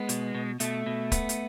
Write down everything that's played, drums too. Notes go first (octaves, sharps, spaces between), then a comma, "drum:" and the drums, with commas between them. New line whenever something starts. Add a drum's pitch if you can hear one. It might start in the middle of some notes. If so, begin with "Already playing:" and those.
Already playing: G#3 B3
B2, drum: hi-hat
B2
B2 A3, drum: hi-hat
B2
B3, drum: kick, hi-hat
drum: hi-hat